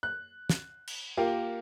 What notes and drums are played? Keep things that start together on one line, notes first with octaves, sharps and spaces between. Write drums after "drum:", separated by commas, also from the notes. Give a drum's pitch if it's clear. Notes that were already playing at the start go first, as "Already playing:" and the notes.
F#6
drum: snare
drum: cymbal
A#3 F4 G4 A#4